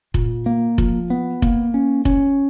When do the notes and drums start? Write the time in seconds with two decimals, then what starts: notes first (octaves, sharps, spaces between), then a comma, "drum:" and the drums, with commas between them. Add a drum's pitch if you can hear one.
0.14 A#2, drum: kick F1
0.46 A#3
0.78 F3, drum: kick F1
1.10 B3
1.42 A#3, drum: kick F1
1.74 C#4
2.05 C#4, drum: kick F1